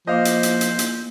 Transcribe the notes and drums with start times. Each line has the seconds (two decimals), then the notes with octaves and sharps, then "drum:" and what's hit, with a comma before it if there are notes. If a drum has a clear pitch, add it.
0.07 F3 A#3 C5 D#5 F5 D6
0.25 drum: hi-hat
0.43 drum: hi-hat
0.61 drum: hi-hat
0.79 drum: hi-hat